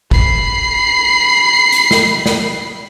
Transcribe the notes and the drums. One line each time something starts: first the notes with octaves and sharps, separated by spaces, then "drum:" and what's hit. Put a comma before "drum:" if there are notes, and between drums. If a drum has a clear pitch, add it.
B5 C7, drum: kick
drum: hi-hat
drum: snare
drum: snare